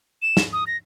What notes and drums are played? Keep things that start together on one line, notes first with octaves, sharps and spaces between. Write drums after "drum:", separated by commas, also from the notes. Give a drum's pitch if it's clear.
E7
drum: snare
D#6
A#6